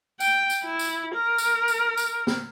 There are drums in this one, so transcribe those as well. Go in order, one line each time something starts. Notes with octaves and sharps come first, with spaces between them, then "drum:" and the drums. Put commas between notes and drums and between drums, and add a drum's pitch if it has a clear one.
G5, drum: tambourine
drum: tambourine
E4
drum: tambourine
A#4
drum: tambourine
drum: tambourine
drum: tambourine
drum: snare